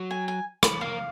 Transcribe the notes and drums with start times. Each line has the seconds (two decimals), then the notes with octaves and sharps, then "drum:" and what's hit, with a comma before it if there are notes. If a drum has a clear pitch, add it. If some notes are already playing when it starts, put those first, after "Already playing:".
Already playing: F#3
0.11 G#5
0.28 G#5
0.63 B5, drum: rim click
0.81 A#3 F5